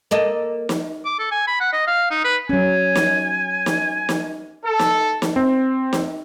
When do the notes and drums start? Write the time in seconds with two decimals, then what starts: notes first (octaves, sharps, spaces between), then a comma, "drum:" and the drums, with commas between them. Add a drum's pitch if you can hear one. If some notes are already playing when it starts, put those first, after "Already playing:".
0.11 A#3 A4 D#5
0.69 drum: snare
1.05 D6
1.19 A4
1.31 G#5
1.47 B5
1.60 F#5
1.73 D#5
1.87 F5
2.11 D#4
2.24 B4
2.49 F#3 C#4 G#5
2.95 drum: snare
3.66 drum: snare
4.09 drum: snare
4.63 A4
4.79 drum: snare
5.22 drum: snare
5.36 C4
5.93 drum: snare